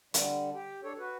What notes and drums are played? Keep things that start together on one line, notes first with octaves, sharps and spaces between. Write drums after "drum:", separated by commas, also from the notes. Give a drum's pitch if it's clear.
D3 G3, drum: hi-hat
G4
D4 A4 C#5
F#4 B4